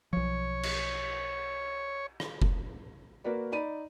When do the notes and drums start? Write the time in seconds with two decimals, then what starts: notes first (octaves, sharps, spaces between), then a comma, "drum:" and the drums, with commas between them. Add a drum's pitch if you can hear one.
0.13 B1 F3 C#5
0.63 drum: cymbal
2.20 drum: rim click
2.42 drum: kick F1
3.24 A#3 F#4 A#4 B4 D5
3.52 D#4 D5 B5 D#7